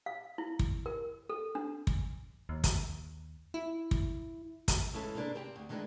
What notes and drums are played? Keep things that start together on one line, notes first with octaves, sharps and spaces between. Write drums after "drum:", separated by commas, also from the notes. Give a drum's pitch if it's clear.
F5
E4
drum: kick
A#4
A4
D4
drum: kick
D#2
drum: kick, hi-hat
E4
drum: kick
drum: kick, hi-hat
C#3 E3 G#3 E4 A4
C3 A#3 C4 D4 G#4 B4
C4 G4 C5 G5
D2
D#3 E3 G#3 D4 E4